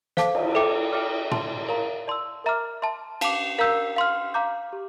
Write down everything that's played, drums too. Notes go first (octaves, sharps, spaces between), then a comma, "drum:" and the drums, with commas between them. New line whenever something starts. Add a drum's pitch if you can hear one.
A4 C5 F5 A5 D6, drum: snare
drum: cymbal
A4 E5 G5 D6
A4 E5 G5 D6 F6
E5 A5 C6, drum: tom
A#4 F5 A#5
D5 A5 C6 E6
A#4 E5 A#5 D6 F6
E5 A5 C6
F5 A5 D6, drum: cymbal
A#4 F5 A#5 E6 G6
F5 C6 F6
F5 A#5 D6 G6
G4